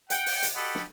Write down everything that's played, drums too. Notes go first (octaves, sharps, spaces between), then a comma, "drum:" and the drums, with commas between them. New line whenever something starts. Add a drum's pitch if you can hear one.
F#5 G5, drum: hi-hat
drum: open hi-hat
drum: hi-hat
F#4 G4 A4 D#5 F#5 B5
drum: snare